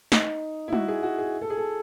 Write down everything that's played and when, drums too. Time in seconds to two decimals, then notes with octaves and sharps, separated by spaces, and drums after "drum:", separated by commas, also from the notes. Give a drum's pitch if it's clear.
0.12 D#4, drum: snare
0.68 E4
0.73 F#4, drum: tom G3
0.88 G#4
1.03 F#4
1.18 G#4
1.42 A4
1.50 G#4
1.58 A4